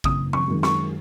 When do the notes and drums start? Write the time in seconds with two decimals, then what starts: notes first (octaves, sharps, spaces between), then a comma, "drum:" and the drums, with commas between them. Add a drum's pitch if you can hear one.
0.04 F#1 D#6, drum: kick
0.33 C#6, drum: tom F3
0.48 F#2 D#3 G#3
0.63 C#6, drum: snare